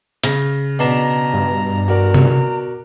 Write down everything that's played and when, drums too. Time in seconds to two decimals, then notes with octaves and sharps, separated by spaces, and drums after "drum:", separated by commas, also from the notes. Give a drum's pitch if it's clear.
0.24 C#3 F6 A#6, drum: hi-hat
0.79 B2 D4 A5 A#5
1.34 G2
1.88 F#4 A#4 D5
2.14 drum: tom C3